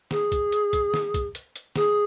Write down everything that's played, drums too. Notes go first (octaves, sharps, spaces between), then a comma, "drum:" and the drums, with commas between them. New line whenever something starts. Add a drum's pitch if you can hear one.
G#4, drum: snare
drum: kick, hi-hat
drum: hi-hat
drum: kick, hi-hat
drum: snare
drum: kick, hi-hat
drum: hi-hat
drum: hi-hat
G#4, drum: snare